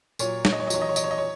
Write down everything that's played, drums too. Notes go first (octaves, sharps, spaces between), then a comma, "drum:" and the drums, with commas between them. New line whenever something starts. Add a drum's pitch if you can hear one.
A#2 F#3 C#5, drum: tambourine
C#5, drum: snare
D#5
C#5
D#5
E2 D#3 F#3 C#5, drum: tambourine
D#5
C#5
D#5, drum: tambourine
C#5
D#5
C#5